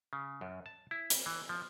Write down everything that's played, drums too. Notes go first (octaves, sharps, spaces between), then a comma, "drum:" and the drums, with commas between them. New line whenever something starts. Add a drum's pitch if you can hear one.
C#3
F#2
A5
E4
drum: hi-hat
E3
F3